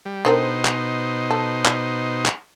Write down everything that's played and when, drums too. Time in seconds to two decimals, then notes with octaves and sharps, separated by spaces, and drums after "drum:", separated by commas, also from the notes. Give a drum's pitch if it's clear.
0.05 G3
0.25 B2 D3 C4 D#4 A#4 C5
0.65 drum: clap
1.30 A4
1.65 drum: clap
2.26 drum: clap